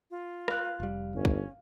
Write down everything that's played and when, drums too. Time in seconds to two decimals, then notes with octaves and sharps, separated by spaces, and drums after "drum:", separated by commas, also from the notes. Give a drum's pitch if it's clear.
0.11 F4
0.48 F5 F#6, drum: rim click
0.80 F1 G3
1.14 G1 C#4
1.25 drum: kick